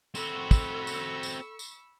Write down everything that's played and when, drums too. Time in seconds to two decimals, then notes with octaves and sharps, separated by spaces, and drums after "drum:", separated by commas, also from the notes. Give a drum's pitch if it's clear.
0.15 C4 F#4 A4 B5 C#6 E6, drum: tambourine
0.51 drum: kick, tambourine
0.87 drum: tambourine
1.23 drum: tambourine
1.59 drum: tambourine